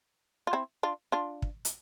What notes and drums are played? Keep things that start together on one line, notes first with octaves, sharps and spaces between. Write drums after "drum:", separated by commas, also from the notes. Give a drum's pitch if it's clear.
F4
C4 E4
D4 F4
D4 F4
drum: kick
drum: hi-hat